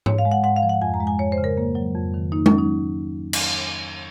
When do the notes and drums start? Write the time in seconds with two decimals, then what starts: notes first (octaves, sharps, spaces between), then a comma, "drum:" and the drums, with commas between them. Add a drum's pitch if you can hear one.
0.06 G#2 C#5, drum: tom G#2
0.18 F5
0.25 G#3
0.32 F#5
0.43 G#2 F#5
0.56 F5
0.63 F3
0.69 F#5
0.82 F2 G#5
0.94 A#5
1.00 G#3
1.07 G#5
1.19 F2 C#5
1.32 C5
1.38 C#3
1.44 A#4
1.57 A#3
1.75 F#3
1.95 F2
2.14 D#3
2.32 A#3 D#4
2.46 C#4, drum: tom G#3
2.52 F#3
2.58 D#4
3.33 drum: cymbal